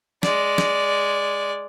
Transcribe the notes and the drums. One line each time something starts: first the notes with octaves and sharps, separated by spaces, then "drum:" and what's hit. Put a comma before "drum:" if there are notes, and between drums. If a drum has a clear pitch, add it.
G#3 D5, drum: snare
drum: snare